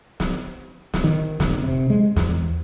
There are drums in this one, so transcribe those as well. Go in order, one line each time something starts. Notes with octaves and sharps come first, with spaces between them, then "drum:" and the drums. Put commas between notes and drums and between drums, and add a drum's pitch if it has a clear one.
drum: snare
drum: snare
D#3
F1, drum: snare
C3
G#3
E2, drum: snare